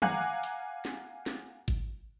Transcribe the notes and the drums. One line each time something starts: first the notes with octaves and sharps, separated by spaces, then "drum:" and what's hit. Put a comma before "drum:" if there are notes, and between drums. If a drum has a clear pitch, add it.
F5 F#5 G#5 A#5 D6 F#6, drum: tom
drum: hi-hat
drum: snare
drum: snare
drum: kick G#1, hi-hat